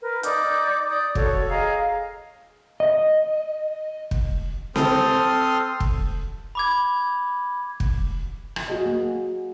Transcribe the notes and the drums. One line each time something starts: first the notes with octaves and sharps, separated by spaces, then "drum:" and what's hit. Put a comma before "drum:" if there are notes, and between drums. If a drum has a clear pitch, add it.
A#4 B4
D#4 D5 D6 G6, drum: hi-hat
D5 D#6 G6
F#4 A4 C#5, drum: kick
G#4 D#5 F5 A#5
D#5
drum: kick
C4 A4 C5 C6 D#6 F6, drum: snare C4
drum: kick
B5 D6 G#6
drum: kick
drum: rim click
F#4 G#4 D#5
A#3